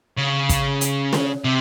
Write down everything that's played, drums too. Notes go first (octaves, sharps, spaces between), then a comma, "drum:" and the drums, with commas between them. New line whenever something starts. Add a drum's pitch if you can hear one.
C#3
drum: kick, hi-hat
drum: hi-hat
drum: snare
C3